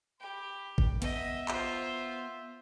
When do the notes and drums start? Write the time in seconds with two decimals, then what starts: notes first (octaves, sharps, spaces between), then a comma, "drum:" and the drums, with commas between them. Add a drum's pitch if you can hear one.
0.20 G4 B5
0.78 drum: kick
1.02 B3 D#5 E5, drum: hi-hat
1.48 F4 C5, drum: clap